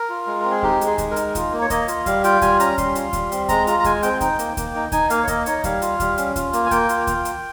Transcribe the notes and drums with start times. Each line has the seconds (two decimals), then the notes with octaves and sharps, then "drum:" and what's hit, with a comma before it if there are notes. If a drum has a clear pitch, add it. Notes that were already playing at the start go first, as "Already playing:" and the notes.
Already playing: A#4
0.10 F4
0.27 G#3
0.40 C4 A#4
0.51 G#4
0.63 D#4 G4, drum: kick D2
0.81 G#3, drum: hi-hat
0.87 G#4
0.98 G#3, drum: kick D2, hi-hat
1.11 A#4
1.16 D#4, drum: hi-hat
1.35 F4, drum: kick D2, hi-hat
1.53 A#3
1.62 C#5
1.70 A#3 D#5, drum: kick D2, hi-hat
1.88 F4, drum: hi-hat
2.06 G3 F5, drum: kick D2, hi-hat
2.24 F4 G5, drum: hi-hat
2.42 G3 G#5, drum: kick D2, hi-hat
2.60 C#4 A#5, drum: hi-hat
2.78 G3 C6, drum: kick D2, hi-hat
2.95 F4, drum: hi-hat
3.13 G3, drum: kick D2, hi-hat
3.32 C4, drum: hi-hat
3.49 G#3 A#5, drum: kick D2, hi-hat
3.67 F4 A#5, drum: hi-hat
3.80 A#5
3.84 G#3 G#5, drum: kick D2, hi-hat
4.03 C4 G5, drum: hi-hat
4.21 D#4 G5, drum: kick D2, hi-hat
4.39 A#3, drum: hi-hat
4.57 A#3, drum: kick D2, hi-hat
4.75 D#4
4.92 D#4 G#5, drum: kick D2, hi-hat
5.10 A#3 F5, drum: hi-hat
5.23 C#5
5.28 A#3 D#5, drum: kick D2, hi-hat
5.46 D#4 C#5, drum: hi-hat
5.64 G3 F5, drum: kick D2, hi-hat
5.82 F4, drum: hi-hat
6.00 G3, drum: kick D2, hi-hat
6.18 C#4, drum: hi-hat
6.36 F4, drum: kick D2, hi-hat
6.53 A#3, drum: hi-hat
6.66 G#5
6.71 A#3 G5, drum: kick D2, hi-hat
6.89 F4, drum: hi-hat
7.07 drum: kick D2, hi-hat
7.25 drum: hi-hat